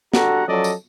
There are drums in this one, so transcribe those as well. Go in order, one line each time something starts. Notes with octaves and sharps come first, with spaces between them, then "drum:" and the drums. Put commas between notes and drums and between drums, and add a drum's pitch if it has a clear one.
D4 F#4 G4 A4 F#5 A#5, drum: snare
F3 F#3 C#4 A4 D5 D#5
drum: tambourine